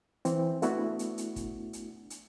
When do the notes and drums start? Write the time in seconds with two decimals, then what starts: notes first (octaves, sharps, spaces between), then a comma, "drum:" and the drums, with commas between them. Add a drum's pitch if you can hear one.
0.25 E3 C4, drum: hi-hat
0.62 A3 B3 D4 E4 F#4, drum: hi-hat
0.99 drum: hi-hat
1.18 drum: hi-hat
1.36 drum: kick, hi-hat
1.73 drum: hi-hat
2.10 drum: hi-hat